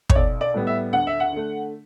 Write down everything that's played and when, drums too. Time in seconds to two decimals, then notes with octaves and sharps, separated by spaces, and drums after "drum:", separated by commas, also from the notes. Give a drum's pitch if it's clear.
0.10 C#5, drum: kick
0.15 B1 D5
0.41 D5
0.54 A2 G3 B3
0.67 E5
0.92 D2 F#5
1.07 E5
1.20 F#5
1.32 D3 A3